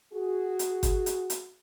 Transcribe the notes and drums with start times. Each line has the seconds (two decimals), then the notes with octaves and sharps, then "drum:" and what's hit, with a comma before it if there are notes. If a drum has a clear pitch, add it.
0.12 F#4 G#4
0.59 drum: hi-hat
0.83 drum: kick G1, hi-hat
1.06 drum: hi-hat
1.30 drum: hi-hat